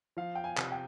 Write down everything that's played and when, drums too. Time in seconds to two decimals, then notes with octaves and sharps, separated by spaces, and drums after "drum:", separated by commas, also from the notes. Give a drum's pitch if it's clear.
0.17 F3 F5
0.35 G5
0.44 G#5
0.57 C3, drum: clap
0.72 G5